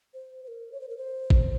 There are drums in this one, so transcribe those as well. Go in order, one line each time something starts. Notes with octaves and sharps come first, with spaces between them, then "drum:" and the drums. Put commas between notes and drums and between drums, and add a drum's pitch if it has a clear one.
C5
C5
A#4
C#5
C5
A#4
C5
drum: kick A1